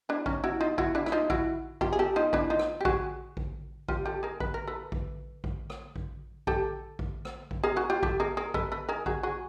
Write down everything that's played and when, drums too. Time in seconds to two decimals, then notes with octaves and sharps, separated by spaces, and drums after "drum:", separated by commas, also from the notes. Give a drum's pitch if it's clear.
0.09 D4 E4
0.26 C#4 D#4, drum: kick A1
0.44 E4 F#4
0.61 D#4 F4
0.78 E4 F#4, drum: kick A1
0.95 D4 E4
1.06 E4, drum: rim click
1.12 D#4 F4
1.30 E4 F#4, drum: kick A1
1.81 F4 G4, drum: kick A1
1.93 G#4
1.99 G4 A4
2.16 D#4 F4
2.33 D4 E4, drum: kick A1
2.50 D#4 F4
2.59 drum: rim click
2.81 G4
2.85 F#4 G#4, drum: kick A1
3.37 drum: kick A1
3.88 F4 G4, drum: kick A1
4.05 G4 A4
4.23 G#4 A#4
4.40 B4, drum: kick A1
4.54 A#4
4.67 A4 B4
4.92 drum: kick A1
5.44 drum: kick A1
5.70 drum: rim click
5.96 drum: kick A1
6.47 G4 A4, drum: kick A1
6.99 drum: kick A1
7.25 drum: rim click
7.51 drum: kick A1
7.63 G#4 A#4
7.76 F#4 G#4
7.90 F4 G4
8.03 G4 A4, drum: kick A1
8.20 G#4 A#4
8.37 G#4 A#4
8.54 A4 B4, drum: kick A1
8.72 A4 B4
8.89 G#4 A#4
9.06 F#4 G#4, drum: kick A1
9.23 F#4 G#4